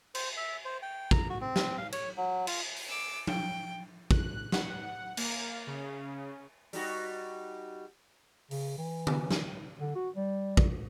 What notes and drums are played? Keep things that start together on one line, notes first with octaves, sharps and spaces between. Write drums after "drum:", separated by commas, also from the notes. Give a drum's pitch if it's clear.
C5, drum: cymbal
E5
C5
G5
A#5, drum: kick
F#4
C4
drum: snare
F5
C#5, drum: cymbal
F#3
F4, drum: cymbal
drum: open hi-hat
D6 E6
G5, drum: tom F3
F#6, drum: kick
F#5, drum: snare
A#3, drum: cymbal
C#3
G3 D#4 F#4, drum: open hi-hat
C#3, drum: open hi-hat
E3
drum: tom D3
drum: snare
D3
F#4
G3
drum: kick